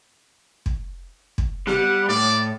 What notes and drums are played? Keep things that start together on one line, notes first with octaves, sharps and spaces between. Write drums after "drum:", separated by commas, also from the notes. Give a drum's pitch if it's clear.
drum: kick
drum: kick
G3 F#5, drum: snare B3
A2 D5